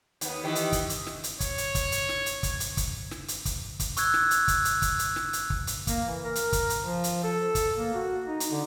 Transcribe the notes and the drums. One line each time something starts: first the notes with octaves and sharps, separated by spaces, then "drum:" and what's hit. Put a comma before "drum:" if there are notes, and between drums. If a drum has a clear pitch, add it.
D#2 B3, drum: hi-hat
D#3 E3 G4
drum: hi-hat
drum: kick, hi-hat
drum: hi-hat
drum: snare
drum: hi-hat
C#5, drum: kick, hi-hat
drum: hi-hat
drum: kick, hi-hat
drum: hi-hat
drum: snare
drum: hi-hat
drum: kick, hi-hat
drum: hi-hat
drum: kick, hi-hat
drum: snare
drum: hi-hat
drum: kick, hi-hat
drum: kick, hi-hat
C#6 E6 F#6 G#6, drum: hi-hat
drum: snare
drum: hi-hat
drum: kick, hi-hat
drum: hi-hat
drum: kick, hi-hat
drum: hi-hat
drum: snare
drum: hi-hat
drum: kick
drum: hi-hat
A#3, drum: kick, hi-hat
E3
A#4
drum: hi-hat
drum: kick, hi-hat
drum: hi-hat
F3
drum: hi-hat
A4
drum: kick, hi-hat
A#3
F#4
D#4
drum: hi-hat
D3